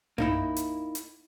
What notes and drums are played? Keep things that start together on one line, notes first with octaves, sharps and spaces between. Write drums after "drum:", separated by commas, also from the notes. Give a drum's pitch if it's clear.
A#3 D#4 E4, drum: tom F#2
drum: hi-hat
drum: hi-hat